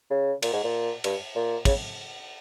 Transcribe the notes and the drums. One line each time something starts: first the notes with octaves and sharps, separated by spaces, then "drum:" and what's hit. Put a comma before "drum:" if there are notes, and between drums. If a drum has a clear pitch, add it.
C#3
A#2, drum: cymbal
G#2
A#2
G2, drum: cymbal
A#2
C#3, drum: kick, cymbal